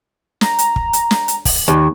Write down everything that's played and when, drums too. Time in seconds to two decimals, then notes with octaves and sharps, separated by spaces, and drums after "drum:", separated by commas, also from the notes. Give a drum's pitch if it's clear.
0.41 A#5, drum: snare
0.59 drum: hi-hat
0.76 drum: kick
0.93 drum: hi-hat
1.11 drum: snare
1.28 drum: hi-hat
1.45 drum: kick, open hi-hat
1.68 D#2